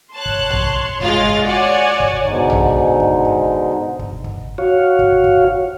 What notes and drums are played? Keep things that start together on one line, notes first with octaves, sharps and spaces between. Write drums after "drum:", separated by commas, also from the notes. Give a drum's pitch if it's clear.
C#5 A5 C6 F#6
drum: kick
drum: tom A#1
G#3 F4 A6, drum: kick
drum: kick
F#4 C#5 D5 F#5 G#5
drum: kick
G#2 B2 D3 G#3 D#4, drum: kick
drum: tom A#1
drum: kick
drum: kick
drum: kick
drum: kick
F#4 C#5 F5
drum: kick
drum: kick